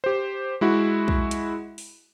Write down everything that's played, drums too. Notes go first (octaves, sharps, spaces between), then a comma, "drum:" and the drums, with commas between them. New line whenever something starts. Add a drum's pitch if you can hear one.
G4 C5
G#3 E4 F#4
drum: kick
drum: hi-hat
drum: open hi-hat